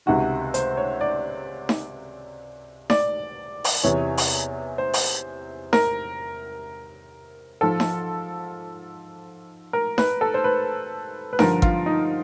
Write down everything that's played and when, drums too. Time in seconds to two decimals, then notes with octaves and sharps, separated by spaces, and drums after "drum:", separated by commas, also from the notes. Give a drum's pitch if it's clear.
0.06 C#2 C3 D#3 F#4
0.54 C5, drum: hi-hat
0.77 C#5
1.01 D5
1.69 drum: snare D#4
2.90 D5, drum: snare D#4
3.64 drum: open hi-hat
3.83 E2 C3 E3 C#5
4.18 drum: open hi-hat
4.78 C5
4.93 drum: open hi-hat
5.73 A#4, drum: snare D#4
7.61 G#2 F3 A4
7.80 drum: snare D#4
9.73 A#4
9.98 B4, drum: snare D#4
10.21 A4
10.34 C5
10.44 B4
11.33 B4
11.39 G2 D3 F3 A#4, drum: snare D#4
11.62 F4, drum: kick
11.86 D#4